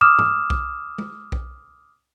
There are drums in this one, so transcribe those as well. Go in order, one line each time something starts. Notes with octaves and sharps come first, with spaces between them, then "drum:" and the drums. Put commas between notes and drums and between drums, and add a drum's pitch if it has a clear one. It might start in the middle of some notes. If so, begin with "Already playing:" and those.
D6 D#6 F6 E7
drum: tom
drum: kick B1
drum: tom
drum: kick B1